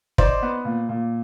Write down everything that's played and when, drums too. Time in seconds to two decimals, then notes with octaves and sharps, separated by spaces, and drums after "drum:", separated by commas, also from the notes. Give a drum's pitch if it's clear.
0.18 D#4 C5 D5, drum: kick
0.42 B3
0.65 A#2
0.89 A#2